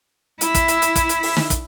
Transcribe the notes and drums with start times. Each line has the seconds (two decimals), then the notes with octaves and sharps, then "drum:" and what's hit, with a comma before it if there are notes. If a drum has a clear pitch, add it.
0.41 E4 E5, drum: hi-hat
0.54 drum: kick, hi-hat
0.68 drum: hi-hat
0.82 drum: hi-hat
0.95 drum: kick, hi-hat
1.09 drum: hi-hat
1.23 drum: open hi-hat
1.36 drum: snare
1.50 drum: kick, hi-hat